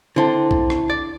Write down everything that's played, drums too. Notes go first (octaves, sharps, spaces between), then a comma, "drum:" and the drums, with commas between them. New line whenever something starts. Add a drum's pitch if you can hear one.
D3 C4 E4 A5
drum: kick
drum: rim click
D5